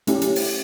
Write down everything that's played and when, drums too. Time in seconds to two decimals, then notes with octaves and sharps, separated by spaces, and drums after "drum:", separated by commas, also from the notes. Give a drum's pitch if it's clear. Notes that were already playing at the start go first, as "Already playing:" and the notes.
0.07 A3 C#4 E4 G4, drum: hi-hat
0.22 drum: hi-hat
0.36 drum: open hi-hat